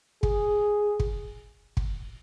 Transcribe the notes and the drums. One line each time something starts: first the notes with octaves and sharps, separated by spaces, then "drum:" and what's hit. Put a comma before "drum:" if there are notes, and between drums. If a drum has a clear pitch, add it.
G#4, drum: kick
drum: kick
drum: kick